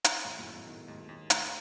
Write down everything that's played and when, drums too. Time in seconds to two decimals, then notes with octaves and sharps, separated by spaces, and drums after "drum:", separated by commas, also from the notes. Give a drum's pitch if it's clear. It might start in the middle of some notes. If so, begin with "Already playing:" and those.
0.04 drum: hi-hat
0.24 D#2 G#2
0.39 F#2 A2
0.46 A3
0.52 G#2 B2
0.67 D#3
0.88 D#2 G#2
0.98 F#2
1.09 D#2 G#2
1.30 A3, drum: hi-hat